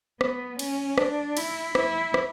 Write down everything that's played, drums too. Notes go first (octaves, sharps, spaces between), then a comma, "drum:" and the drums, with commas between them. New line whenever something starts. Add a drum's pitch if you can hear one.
B3, drum: rim click
C#4, drum: cymbal
D4, drum: rim click
E4, drum: cymbal
E4, drum: rim click
drum: rim click